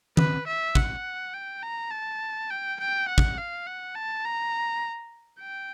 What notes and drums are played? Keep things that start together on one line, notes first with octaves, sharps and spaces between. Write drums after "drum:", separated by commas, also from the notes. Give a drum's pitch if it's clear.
B4, drum: tom D#3
E5
F#5, drum: kick
G5
A#5
A5
G5
G5
F#5
drum: kick
F5
F#5
A5
A#5
G5